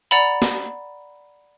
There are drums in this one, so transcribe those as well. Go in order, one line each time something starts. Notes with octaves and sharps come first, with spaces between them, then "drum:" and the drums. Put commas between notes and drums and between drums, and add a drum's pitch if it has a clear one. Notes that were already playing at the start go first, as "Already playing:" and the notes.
D5 F#5 A#5 B5, drum: hi-hat
drum: snare